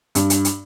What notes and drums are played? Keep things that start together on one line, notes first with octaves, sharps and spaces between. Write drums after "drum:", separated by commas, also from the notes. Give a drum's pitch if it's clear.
G2, drum: hi-hat
drum: hi-hat
drum: hi-hat